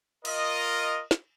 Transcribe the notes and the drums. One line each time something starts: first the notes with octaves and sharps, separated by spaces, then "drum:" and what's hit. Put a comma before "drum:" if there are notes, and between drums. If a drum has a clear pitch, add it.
F4 A#4 D#5, drum: cymbal
drum: snare